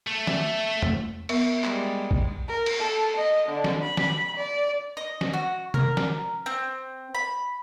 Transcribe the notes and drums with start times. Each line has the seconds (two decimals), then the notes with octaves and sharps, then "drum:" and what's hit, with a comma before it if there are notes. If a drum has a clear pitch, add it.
0.07 A3
0.27 drum: snare
0.82 drum: tom E2
1.29 B3 A#4 E5 C#6, drum: cymbal
1.64 G3 G#3, drum: clap
2.11 drum: kick
2.48 A#4
2.66 drum: cymbal
2.79 A4
3.17 D#5
3.49 D3
3.64 drum: snare
3.82 B5
3.97 drum: snare
4.37 D5
4.97 D#5
5.21 drum: snare
5.33 F#4
5.74 A#4, drum: tom C3
5.97 drum: snare
6.46 C4
7.15 B5